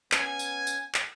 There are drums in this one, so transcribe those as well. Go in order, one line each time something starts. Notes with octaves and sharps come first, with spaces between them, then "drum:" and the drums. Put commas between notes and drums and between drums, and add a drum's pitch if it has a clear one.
B3 C#4 G#5, drum: clap
drum: tambourine
drum: tambourine
drum: clap